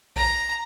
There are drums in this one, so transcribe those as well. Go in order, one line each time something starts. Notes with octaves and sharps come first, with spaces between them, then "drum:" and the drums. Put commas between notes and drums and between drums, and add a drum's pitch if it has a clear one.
A#5, drum: kick A#1